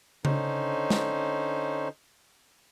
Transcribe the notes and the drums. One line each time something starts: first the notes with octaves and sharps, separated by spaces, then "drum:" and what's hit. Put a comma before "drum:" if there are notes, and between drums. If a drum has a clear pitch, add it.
D3 C#4 D#4 C5, drum: tom C#3
drum: snare